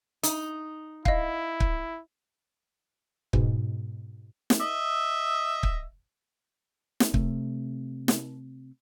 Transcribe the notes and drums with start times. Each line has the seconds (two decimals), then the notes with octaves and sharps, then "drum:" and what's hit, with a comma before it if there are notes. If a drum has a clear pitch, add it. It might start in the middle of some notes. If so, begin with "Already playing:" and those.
0.23 D#4, drum: hi-hat
1.05 E4 D#5 F5, drum: kick
1.60 drum: kick
3.33 G#2 B2, drum: kick
4.50 drum: snare
4.60 D#5 E5
5.63 drum: kick
7.00 drum: snare
7.14 C3 A3, drum: kick
8.08 drum: snare